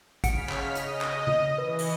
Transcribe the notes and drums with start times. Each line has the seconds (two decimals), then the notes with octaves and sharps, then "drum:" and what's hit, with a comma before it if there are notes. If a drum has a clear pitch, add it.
0.24 C#3 F#5 F6 B6 C#7 D7, drum: kick, hi-hat
0.50 drum: clap
0.66 D#5
0.75 drum: hi-hat
1.01 drum: clap
1.27 drum: tom C#3
1.58 E3 B4
1.79 drum: open hi-hat